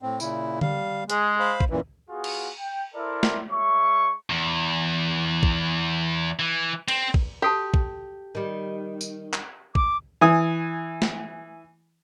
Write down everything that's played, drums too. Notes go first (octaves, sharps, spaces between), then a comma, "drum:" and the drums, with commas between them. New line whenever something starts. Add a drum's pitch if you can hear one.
A2 C4
A#2 C#3 E4, drum: tambourine
G3 F5, drum: tom D3
G#3 G#4, drum: hi-hat
C5 F5 B5
drum: kick
F#2 A#2 E3
B3 F4 F#4 G#4
drum: cymbal
G5
E4 A4 A#4 C5 D5 E5
drum: snare
G#3 C#5 E5 C#6
E2
drum: kick
E3
C4, drum: cymbal
drum: kick
F#4 G4 A4 A5
drum: kick
D#3 G3
drum: tambourine
drum: clap
D6, drum: kick
E3 G#5 D#6
drum: snare